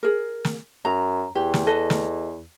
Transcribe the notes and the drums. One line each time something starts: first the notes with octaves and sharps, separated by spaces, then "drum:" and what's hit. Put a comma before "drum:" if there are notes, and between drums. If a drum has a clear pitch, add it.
G#4 A#4
drum: snare
F#2 A#5
E2 G4
drum: snare
A4 B4 D#5
drum: snare